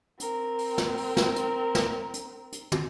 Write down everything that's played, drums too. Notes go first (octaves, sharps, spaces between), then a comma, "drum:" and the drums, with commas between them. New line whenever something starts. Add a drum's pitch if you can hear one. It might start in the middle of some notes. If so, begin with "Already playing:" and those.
C4 A#4, drum: hi-hat
drum: open hi-hat
drum: snare
drum: open hi-hat
drum: snare
drum: hi-hat
drum: snare
drum: hi-hat
drum: hi-hat
drum: tom